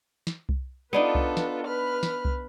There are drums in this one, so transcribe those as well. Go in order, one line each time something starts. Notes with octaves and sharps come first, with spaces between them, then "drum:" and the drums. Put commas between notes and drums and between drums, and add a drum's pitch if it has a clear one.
drum: snare
drum: kick C2
B3 D4 D#4 F4 A4 B4
drum: kick C2
drum: snare
B4 B5 F6
drum: snare
drum: kick C2